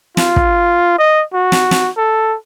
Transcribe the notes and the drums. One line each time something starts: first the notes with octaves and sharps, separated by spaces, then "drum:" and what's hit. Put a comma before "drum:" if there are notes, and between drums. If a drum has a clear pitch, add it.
F4, drum: snare
drum: kick
D#5
F#4
drum: snare
drum: snare
A4